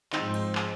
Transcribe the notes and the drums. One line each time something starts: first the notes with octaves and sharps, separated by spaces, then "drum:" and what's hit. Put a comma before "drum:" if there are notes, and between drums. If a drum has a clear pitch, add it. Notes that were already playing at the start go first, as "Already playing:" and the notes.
G#2 F3 G#3 C4 D#4, drum: clap
drum: cymbal
drum: clap